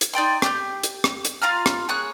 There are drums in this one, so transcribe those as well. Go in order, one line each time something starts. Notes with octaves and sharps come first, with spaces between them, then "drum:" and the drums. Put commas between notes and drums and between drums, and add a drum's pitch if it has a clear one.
drum: hi-hat
D#4 D5 G5 C6
G4 G6, drum: rim click
drum: hi-hat
drum: rim click
drum: hi-hat
F4 F5 A#5 F6
drum: rim click
A#3 G#4 C#5 F#6